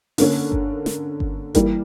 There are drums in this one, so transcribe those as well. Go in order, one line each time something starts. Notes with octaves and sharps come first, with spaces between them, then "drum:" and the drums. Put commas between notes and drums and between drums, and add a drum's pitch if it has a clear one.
D3 A#3 C#4, drum: open hi-hat
drum: kick G1
drum: snare
drum: kick G1
E3 G3 A#3, drum: kick G1, hi-hat